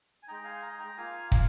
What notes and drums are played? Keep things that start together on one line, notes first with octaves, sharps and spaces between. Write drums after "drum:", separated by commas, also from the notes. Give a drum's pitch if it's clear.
G#5
G#3 D#4 G5 A#5
F5 G#5
A#5
G#5
G5 A#5
A#3 F4 F5 G#5
F5 G#5, drum: kick